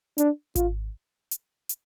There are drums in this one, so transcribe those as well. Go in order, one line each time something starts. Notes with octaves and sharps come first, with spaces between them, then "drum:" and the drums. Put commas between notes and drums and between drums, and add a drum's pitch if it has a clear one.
D4, drum: hi-hat
F4, drum: kick G#1, hi-hat
drum: hi-hat
drum: hi-hat